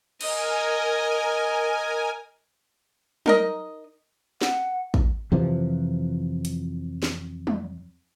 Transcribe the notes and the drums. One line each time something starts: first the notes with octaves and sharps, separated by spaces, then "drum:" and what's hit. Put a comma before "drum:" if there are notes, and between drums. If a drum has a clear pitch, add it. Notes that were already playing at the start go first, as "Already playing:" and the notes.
A#4 D#5 G#5, drum: cymbal
D#4 A#4 D#5, drum: tom
F#5, drum: snare
drum: kick
F2 C3 E3 F3
drum: hi-hat
drum: snare
drum: tom